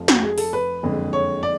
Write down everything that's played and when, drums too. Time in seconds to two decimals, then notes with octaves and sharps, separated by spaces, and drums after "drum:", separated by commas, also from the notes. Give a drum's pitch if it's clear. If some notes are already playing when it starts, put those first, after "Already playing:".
Already playing: F1 F2 F3
0.08 F#4, drum: snare
0.23 G#4
0.38 A4, drum: open hi-hat
0.53 B4
0.83 F#1 F2 D3 G#3
1.13 C#5
1.43 D5